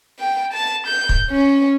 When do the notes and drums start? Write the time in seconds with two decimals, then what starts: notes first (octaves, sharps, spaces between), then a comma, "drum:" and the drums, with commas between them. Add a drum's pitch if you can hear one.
0.20 G5
0.53 A5
0.87 G6
1.09 drum: kick
1.31 C#4